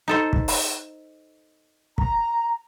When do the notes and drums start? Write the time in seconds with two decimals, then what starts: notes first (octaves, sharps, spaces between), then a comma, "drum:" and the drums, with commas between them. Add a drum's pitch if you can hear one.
0.08 D#4 A4 C5
0.33 drum: kick
0.48 drum: open hi-hat
1.98 A#5, drum: kick